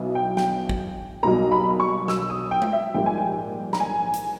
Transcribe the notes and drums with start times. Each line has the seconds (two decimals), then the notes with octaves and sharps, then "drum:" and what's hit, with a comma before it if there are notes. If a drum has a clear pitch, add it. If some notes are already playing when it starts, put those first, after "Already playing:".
Already playing: B1 B2 B3 E4
0.15 G5
0.37 G5, drum: snare
0.69 drum: kick
1.23 B1 B2 G3 A#3 A#5
1.52 B5
1.69 B5
1.80 C#6
2.08 E6, drum: snare
2.30 D#6
2.51 G5
2.62 drum: tom G#3
2.73 E5
2.94 A#1 G#2 G3 A#3 G5
3.06 G#5
3.18 G5
3.73 A#5, drum: snare
3.80 G#5
4.14 drum: hi-hat